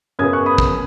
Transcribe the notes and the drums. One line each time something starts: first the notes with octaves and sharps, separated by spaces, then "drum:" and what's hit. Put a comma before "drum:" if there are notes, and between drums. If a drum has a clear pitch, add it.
F#2 C#3 B3 D#6 G#6
C#6 F#6
B5 D#6
drum: kick